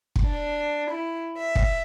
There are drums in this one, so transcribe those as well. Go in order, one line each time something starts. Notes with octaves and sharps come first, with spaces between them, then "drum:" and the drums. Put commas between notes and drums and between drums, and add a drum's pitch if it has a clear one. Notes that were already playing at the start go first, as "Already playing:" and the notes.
drum: kick
D4
E4
E5
drum: kick